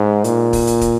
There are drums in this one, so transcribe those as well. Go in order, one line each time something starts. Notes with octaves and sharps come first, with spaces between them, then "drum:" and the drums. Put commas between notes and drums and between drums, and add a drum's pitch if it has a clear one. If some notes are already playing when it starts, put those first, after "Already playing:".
Already playing: G#2
A#2, drum: hi-hat
drum: kick, open hi-hat
drum: hi-hat
drum: kick, hi-hat